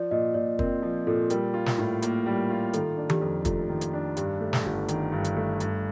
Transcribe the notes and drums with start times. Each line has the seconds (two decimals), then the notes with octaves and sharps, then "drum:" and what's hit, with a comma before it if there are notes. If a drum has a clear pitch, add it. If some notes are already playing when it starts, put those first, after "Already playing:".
Already playing: F3 D5
0.11 A#2 D#5
0.34 A#2 D5
0.59 C4 A#4, drum: kick
0.82 F3
1.07 A#2 A4
1.30 G3 A#4, drum: hi-hat
1.54 F4
1.66 drum: snare
1.78 A2
2.02 A#3, drum: hi-hat
2.26 G3
2.50 F4
2.73 D#3 A4, drum: hi-hat
2.97 D4
3.10 G4, drum: tom D#3
3.21 F2
3.45 A3 F4, drum: kick, hi-hat
3.69 D#3
3.81 drum: hi-hat
3.93 D4
4.17 G2 G4, drum: hi-hat
4.40 A3
4.53 drum: snare
4.65 G1
4.88 D#3, drum: hi-hat
5.12 G2
5.24 drum: hi-hat
5.37 A3
5.60 G2, drum: hi-hat